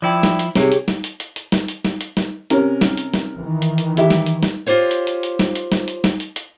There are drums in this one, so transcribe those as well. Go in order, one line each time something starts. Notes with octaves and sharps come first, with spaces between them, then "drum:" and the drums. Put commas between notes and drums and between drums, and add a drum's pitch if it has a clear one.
F3 E4 D5 G5
drum: snare
drum: hi-hat
C3 G4 G#4 C#5, drum: snare
drum: hi-hat
drum: snare
drum: hi-hat
drum: hi-hat
drum: hi-hat
drum: snare
drum: hi-hat
drum: snare
drum: hi-hat
drum: snare
C3 C#4 A#4, drum: hi-hat
drum: snare
drum: hi-hat
drum: snare
D#3 E3
drum: hi-hat
drum: hi-hat
E4 G4 E5, drum: hi-hat
drum: snare
drum: hi-hat
drum: snare
F4 G4 C5 C#5
drum: hi-hat
drum: hi-hat
drum: hi-hat
drum: snare
drum: hi-hat
drum: snare
drum: hi-hat
drum: snare
drum: hi-hat
drum: hi-hat